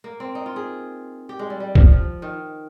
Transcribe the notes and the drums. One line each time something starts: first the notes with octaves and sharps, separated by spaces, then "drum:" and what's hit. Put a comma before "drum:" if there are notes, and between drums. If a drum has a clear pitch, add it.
A#3
C4
D#4
F4
G#4
G4
G#3
G3
G3
F3, drum: kick
F3
D#3